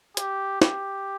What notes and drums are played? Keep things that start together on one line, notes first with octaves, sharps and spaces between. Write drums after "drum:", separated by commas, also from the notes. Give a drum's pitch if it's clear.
G4, drum: hi-hat
G4, drum: snare